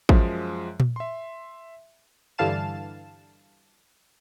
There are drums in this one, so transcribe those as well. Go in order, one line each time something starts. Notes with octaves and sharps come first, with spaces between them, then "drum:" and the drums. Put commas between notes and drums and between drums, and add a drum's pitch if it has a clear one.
F#2 F3 G#3, drum: kick
drum: tom A#2
E5 C6
G2 D3 E3 F5 A5 E7